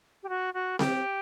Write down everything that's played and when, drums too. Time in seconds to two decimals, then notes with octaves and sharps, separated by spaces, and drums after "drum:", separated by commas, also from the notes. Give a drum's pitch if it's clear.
0.23 G4
0.29 F#4
0.54 F#4
0.79 G4, drum: snare C4